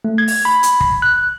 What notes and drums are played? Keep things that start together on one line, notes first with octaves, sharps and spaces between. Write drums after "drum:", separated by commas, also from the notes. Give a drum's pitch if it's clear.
A3
G#6
drum: open hi-hat
B5
drum: hi-hat
drum: kick
F#6